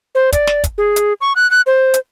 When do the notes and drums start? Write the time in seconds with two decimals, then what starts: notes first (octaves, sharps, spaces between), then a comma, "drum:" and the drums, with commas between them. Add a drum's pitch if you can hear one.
0.15 C5
0.32 D5, drum: kick, hi-hat
0.47 drum: snare
0.64 drum: kick, hi-hat
0.78 G#4
0.96 drum: hi-hat
1.21 C#6
1.36 F#6
1.51 F#6
1.67 C5
1.94 drum: hi-hat